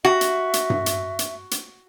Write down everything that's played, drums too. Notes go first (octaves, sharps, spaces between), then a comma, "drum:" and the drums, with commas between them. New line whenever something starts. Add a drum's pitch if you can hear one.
F#4 E5
drum: hi-hat
drum: hi-hat
drum: tom G2
drum: hi-hat
drum: hi-hat
drum: hi-hat